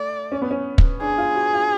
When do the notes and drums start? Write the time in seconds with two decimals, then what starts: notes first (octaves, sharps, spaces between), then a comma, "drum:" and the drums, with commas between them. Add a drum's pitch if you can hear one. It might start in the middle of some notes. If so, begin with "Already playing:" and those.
Already playing: A3 D5
0.32 C#4
0.42 B3
0.51 C#4
0.78 drum: kick
1.01 D4 G#4
1.18 F4
1.35 F#4
1.53 F4